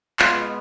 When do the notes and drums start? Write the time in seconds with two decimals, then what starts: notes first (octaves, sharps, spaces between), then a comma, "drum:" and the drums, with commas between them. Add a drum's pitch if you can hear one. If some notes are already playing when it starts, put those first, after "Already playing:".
0.19 B2 G#3 B3 F4, drum: clap